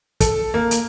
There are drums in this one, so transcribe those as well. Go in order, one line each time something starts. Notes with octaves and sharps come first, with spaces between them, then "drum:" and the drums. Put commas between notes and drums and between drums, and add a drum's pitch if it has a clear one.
A4, drum: kick, hi-hat
A#3
drum: hi-hat